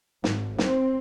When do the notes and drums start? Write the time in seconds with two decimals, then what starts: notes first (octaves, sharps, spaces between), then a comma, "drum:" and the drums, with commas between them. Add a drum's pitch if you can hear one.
0.24 G#1, drum: snare
0.58 C4, drum: snare